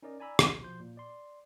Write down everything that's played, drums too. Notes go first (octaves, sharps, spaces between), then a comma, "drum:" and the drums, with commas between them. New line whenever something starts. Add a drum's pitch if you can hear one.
C#4 D#4 A#4 D5 D#5
D5 G#5 A#5 B5 E6
A#1 D#2 C3, drum: rim click
B2 F3 C6 G6
A#2
D5 C6